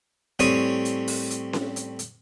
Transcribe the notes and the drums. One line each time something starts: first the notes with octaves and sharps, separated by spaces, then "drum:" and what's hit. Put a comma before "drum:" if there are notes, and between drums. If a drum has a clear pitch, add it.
A2 G3 C4 C#5 G#5 D#6, drum: hi-hat
drum: hi-hat
drum: open hi-hat
drum: hi-hat
drum: snare C#4
drum: hi-hat
drum: hi-hat